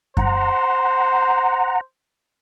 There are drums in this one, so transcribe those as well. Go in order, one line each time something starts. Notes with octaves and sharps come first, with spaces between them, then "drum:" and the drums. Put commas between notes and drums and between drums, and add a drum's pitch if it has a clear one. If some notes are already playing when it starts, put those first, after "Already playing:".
C5 F#5 A#5, drum: kick F#2